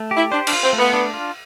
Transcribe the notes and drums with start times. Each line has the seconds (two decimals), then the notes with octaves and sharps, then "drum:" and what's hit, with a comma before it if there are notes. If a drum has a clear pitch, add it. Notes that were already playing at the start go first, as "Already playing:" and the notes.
Already playing: A3
0.11 G4
0.16 E4
0.32 D4 C5
0.47 D4, drum: cymbal
0.53 F4
0.63 C4
0.73 A3
0.78 B3
0.93 D4
1.14 F4